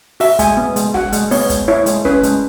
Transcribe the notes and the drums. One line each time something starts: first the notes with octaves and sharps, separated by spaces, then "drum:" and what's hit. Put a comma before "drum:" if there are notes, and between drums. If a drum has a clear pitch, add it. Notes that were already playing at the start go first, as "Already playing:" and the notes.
F#4 E5, drum: open hi-hat
G#3 G#5, drum: kick, hi-hat
B3
G#3, drum: hi-hat
F#4 F#5, drum: snare
G#3, drum: hi-hat
B3 C#5, drum: open hi-hat
G#3, drum: kick, hi-hat
E4 C#5
G#3, drum: hi-hat
C#4 B4, drum: snare
G#3, drum: hi-hat